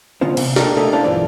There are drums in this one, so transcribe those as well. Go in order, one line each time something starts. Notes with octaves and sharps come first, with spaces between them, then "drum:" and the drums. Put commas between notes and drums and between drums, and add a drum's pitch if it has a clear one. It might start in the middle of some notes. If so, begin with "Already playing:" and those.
D3 B3 C#4 F4 C5
C3, drum: cymbal
A#3 D4 D#4 G4 A4 A#4, drum: snare
A3 A#3 D4 D#4 G4 A4
C#4 D4 E4 C5 F5 A5
B1 G2 D3 E3 F4 D5